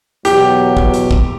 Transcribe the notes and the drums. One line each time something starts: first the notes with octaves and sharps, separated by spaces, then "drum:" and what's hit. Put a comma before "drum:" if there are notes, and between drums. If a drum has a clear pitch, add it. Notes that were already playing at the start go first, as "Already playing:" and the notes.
E2 B2 F#3 G4, drum: hi-hat
drum: kick
drum: hi-hat
drum: kick